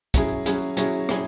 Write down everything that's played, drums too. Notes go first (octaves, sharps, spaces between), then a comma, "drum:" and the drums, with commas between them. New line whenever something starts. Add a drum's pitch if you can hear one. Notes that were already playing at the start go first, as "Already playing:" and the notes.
F#3 C#4 E4 G#4, drum: kick, hi-hat
F#3 C#4 E4 G#4, drum: hi-hat
F#3 C#4 E4 G#4, drum: hi-hat
F#3 C#4 E4 G#4, drum: rim click